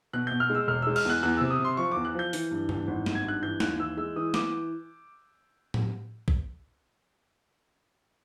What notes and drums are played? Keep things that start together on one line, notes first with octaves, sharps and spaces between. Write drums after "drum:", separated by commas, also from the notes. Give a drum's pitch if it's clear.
B2 F#6
B2 G6
F6
G#3
E6
E1 F6
G#3 E6
F6, drum: cymbal
E2 F#6
E2 F#6
C3 E6
D#6
C3
C6
F3 C#6
E2 D6
F#6
F3 G6
E3, drum: open hi-hat
G2
E3, drum: tom
G#1
G#1, drum: snare
G#6
G2 F#6
E3 G6
D#2 F#6, drum: snare
E3 E6
G#3 E6
E3 D#6
E3 D6, drum: snare
drum: tom A2
drum: kick A#1